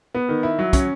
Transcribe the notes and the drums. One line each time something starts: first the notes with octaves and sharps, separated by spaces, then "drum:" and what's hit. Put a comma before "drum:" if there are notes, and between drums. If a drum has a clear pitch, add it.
B3
D#3
E4
F#3
C#4, drum: kick, hi-hat